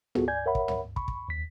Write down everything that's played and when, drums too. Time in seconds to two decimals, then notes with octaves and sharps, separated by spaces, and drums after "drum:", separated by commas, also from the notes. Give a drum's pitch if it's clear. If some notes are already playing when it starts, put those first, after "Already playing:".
0.15 B3 F4 F#4 G#4 A4, drum: tom
0.28 D5 G#5 G6 G#6
0.46 A#4 C#5 E5 F#5 B5
0.55 drum: kick
0.68 drum: tom
0.96 B5 C#6, drum: kick
1.08 drum: kick
1.28 D#2 B6